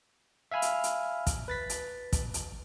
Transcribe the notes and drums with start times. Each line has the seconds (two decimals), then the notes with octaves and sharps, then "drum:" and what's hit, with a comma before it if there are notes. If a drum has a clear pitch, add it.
0.51 E5 F5 G#5 B5 F6
0.62 drum: hi-hat
0.84 drum: hi-hat
1.27 drum: kick, hi-hat
1.48 B4 A6 B6
1.70 drum: hi-hat
2.13 drum: kick, hi-hat
2.34 drum: hi-hat